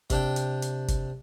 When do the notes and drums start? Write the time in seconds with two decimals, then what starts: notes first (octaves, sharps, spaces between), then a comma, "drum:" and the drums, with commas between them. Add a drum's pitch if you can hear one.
0.10 C3 D4 G5, drum: kick G#1, hi-hat
0.36 drum: hi-hat
0.62 drum: hi-hat
0.88 drum: kick G#1, hi-hat